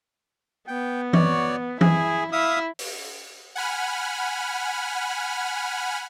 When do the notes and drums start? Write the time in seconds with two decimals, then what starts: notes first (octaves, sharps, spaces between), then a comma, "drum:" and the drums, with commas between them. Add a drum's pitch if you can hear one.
0.68 B3 G5
1.13 F#4 C#5 D5, drum: tom E3
1.81 E4 G#4, drum: tom E3
2.32 E4 E5 F5 D#6
2.79 drum: open hi-hat
3.55 F#5 G#5 B5 F6